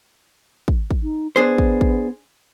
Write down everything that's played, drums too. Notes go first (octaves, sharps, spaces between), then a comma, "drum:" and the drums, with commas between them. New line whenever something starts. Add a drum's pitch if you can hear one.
drum: kick
drum: kick
D#4
B3 D4 G#4 C5
drum: kick
drum: kick